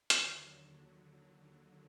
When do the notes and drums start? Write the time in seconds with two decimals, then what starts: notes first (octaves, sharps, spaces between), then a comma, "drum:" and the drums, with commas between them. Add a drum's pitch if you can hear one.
0.10 D#2 D3 F#3, drum: hi-hat